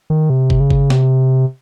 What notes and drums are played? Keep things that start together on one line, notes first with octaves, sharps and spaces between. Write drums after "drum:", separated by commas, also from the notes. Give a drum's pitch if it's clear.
D#3
C3
drum: kick
C#3
drum: kick
C3, drum: snare